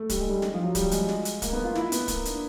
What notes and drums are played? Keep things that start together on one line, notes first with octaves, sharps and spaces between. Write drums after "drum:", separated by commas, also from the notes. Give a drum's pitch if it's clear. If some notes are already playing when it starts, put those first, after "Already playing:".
Already playing: A3
G3, drum: kick D1, hi-hat
G#3
G3
drum: snare
F3
F#3
G3, drum: kick D1, hi-hat
G#3, drum: hi-hat
drum: snare
drum: hi-hat
A#3, drum: kick D1, hi-hat
B3
F4
E4, drum: snare
B3, drum: hi-hat
A#3, drum: kick D1, hi-hat
D4, drum: hi-hat